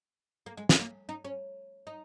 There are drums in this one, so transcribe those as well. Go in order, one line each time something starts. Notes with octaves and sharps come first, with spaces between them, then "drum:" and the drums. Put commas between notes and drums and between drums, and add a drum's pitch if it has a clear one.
A#3
G#3
F#3, drum: snare
A#3
D#4
C#4
D#4